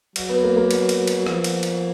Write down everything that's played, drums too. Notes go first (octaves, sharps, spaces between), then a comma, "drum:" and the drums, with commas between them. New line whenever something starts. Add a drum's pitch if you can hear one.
F#3, drum: cymbal
B3
A#3
A#3
drum: cymbal
drum: cymbal
drum: cymbal
F3, drum: rim click
drum: cymbal
drum: cymbal